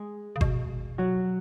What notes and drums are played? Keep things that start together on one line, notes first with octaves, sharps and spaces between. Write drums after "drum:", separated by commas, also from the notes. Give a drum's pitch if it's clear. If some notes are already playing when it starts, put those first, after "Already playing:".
Already playing: G#3 G#4
C#3
B2, drum: kick G1
F#3 F#4